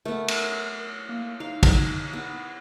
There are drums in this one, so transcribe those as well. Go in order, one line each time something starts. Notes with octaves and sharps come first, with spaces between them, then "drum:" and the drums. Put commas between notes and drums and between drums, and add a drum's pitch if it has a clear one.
A3 B3 A#4
drum: cymbal
A#3
D#4 F5
drum: kick, cymbal
B3